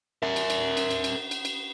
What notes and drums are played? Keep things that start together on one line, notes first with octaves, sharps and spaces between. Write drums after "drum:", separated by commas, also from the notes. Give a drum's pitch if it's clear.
A#4 E5
drum: cymbal
drum: cymbal
drum: cymbal
drum: cymbal
drum: cymbal
drum: cymbal
drum: cymbal